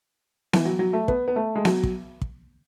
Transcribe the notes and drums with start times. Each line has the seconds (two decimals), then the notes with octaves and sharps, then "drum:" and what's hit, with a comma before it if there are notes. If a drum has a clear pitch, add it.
0.53 E3, drum: snare B3
0.65 F#3
0.79 F#3
0.93 A3
1.08 B3, drum: kick
1.28 B3
1.36 A3
1.55 G#3
1.65 F#3, drum: snare B3
1.83 drum: kick
2.21 drum: kick